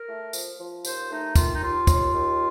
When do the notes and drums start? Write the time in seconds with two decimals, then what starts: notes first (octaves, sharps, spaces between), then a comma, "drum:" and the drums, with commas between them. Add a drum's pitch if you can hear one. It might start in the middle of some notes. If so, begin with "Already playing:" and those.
Already playing: A#4
0.08 A3
0.33 F3, drum: tambourine
0.59 F3
0.85 D#2 C5, drum: tambourine
1.10 A3 D#4
1.35 D#3 F4, drum: kick, tambourine
1.55 D#4
1.62 D#2 F4
1.87 D#2, drum: kick, tambourine
2.12 D#2